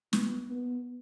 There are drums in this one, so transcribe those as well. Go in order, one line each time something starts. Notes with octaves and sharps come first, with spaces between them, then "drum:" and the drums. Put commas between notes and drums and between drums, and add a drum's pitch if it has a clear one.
B3, drum: snare
B3